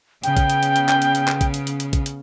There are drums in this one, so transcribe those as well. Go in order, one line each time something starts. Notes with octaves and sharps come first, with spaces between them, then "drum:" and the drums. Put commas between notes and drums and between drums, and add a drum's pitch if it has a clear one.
C#3 B3 G5, drum: hi-hat
drum: kick, hi-hat
drum: hi-hat
drum: hi-hat
drum: hi-hat
drum: clap
drum: hi-hat
drum: hi-hat
drum: clap
drum: kick, hi-hat
drum: hi-hat
drum: hi-hat
drum: hi-hat
drum: kick, hi-hat
drum: hi-hat